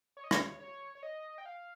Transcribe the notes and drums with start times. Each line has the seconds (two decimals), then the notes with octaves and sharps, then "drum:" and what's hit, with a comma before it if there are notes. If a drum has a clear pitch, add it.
0.17 C#5
0.24 D#5
0.31 C#5, drum: rim click
0.59 C#5
0.95 C#5
1.03 D#5
1.38 G5
1.46 F5